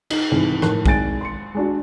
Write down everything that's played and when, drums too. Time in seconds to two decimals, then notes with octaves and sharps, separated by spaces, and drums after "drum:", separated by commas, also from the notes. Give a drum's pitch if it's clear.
0.10 D#4, drum: cymbal
0.31 C2 G#2 E3
0.62 F1 A2 D#4 A#4 A5 F#6, drum: rim click
0.86 G#1 G#3 G#5 A6 D7, drum: kick B1
1.21 C6 C#7
1.55 G#3 D4 F#4